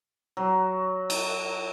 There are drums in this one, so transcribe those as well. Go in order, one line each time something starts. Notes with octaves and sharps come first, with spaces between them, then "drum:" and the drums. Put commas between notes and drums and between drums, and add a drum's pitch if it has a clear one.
F#3
drum: cymbal